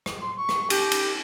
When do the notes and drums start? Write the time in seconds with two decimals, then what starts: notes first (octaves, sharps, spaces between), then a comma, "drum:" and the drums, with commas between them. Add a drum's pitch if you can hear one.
0.06 drum: rim click
0.21 C6
0.37 C#6
0.49 drum: rim click
0.70 G4, drum: cymbal
0.92 drum: cymbal